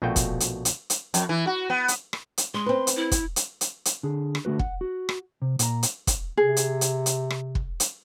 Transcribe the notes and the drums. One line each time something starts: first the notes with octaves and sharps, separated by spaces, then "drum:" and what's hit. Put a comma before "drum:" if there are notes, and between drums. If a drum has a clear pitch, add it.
A#1 B2 A3 F4 F#4 G5
drum: kick, hi-hat
drum: hi-hat
drum: hi-hat
drum: hi-hat
F2, drum: hi-hat
E3
F#4
B3
drum: hi-hat
drum: rim click
drum: hi-hat
G#3 C6
C4 B4
drum: hi-hat
E4
drum: kick, hi-hat
drum: hi-hat
drum: hi-hat
drum: hi-hat
D3 G#4
drum: rim click
D3 A3 F#4 B4
F#5, drum: kick
F#4
drum: rim click
C3
A#2 A#5, drum: hi-hat
drum: hi-hat
drum: kick, hi-hat
C3 G#4
drum: hi-hat
drum: hi-hat
drum: hi-hat
drum: rim click
drum: kick
drum: hi-hat